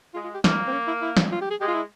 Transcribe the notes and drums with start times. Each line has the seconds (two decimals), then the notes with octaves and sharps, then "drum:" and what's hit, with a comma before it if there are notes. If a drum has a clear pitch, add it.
0.14 G#3 F4
0.24 F4
0.34 G4
0.44 A#3 E4, drum: snare
0.67 C4
0.73 C#4
0.87 E4
1.02 E4
1.17 drum: snare
1.32 F4
1.41 G4
1.51 G#4
1.60 G#3 G4
1.68 F4
1.74 E4